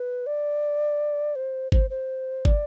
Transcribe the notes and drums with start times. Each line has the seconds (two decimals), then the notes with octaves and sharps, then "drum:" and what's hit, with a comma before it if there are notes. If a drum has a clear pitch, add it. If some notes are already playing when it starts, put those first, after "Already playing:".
Already playing: B4
0.26 D5
1.36 C5
1.72 C5, drum: kick
1.90 C5
2.45 D5, drum: kick